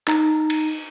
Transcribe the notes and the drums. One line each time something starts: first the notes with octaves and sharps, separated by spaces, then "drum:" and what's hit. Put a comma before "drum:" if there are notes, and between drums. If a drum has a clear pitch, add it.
D#4 A#5, drum: clap
drum: cymbal